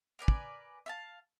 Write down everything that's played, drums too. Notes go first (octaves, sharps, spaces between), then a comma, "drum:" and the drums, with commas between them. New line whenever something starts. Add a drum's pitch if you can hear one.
A#4 B4 D5 G#5
drum: kick
E5 F5 A5